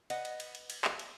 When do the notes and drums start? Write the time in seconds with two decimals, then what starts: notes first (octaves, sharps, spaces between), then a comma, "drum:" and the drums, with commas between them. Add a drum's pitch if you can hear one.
0.10 B4 D#5 F#5, drum: cymbal
0.25 drum: cymbal
0.40 drum: cymbal
0.55 drum: cymbal
0.70 drum: cymbal
0.85 drum: clap
0.99 drum: cymbal